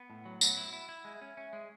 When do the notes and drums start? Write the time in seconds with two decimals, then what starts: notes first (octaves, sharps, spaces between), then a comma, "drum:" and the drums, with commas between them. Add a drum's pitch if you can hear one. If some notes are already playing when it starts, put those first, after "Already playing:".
Already playing: B3 F#5
0.10 A2
0.25 F#3
0.41 B3, drum: tambourine
0.57 E4
0.73 E4
0.89 E4
1.05 G#3 E5
1.21 C#4
1.37 C#4
1.53 G#3